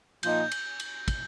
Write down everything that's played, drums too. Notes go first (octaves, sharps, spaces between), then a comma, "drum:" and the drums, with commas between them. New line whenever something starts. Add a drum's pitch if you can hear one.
A#2 F3 D#4 G6, drum: cymbal
drum: cymbal
drum: cymbal
drum: kick, cymbal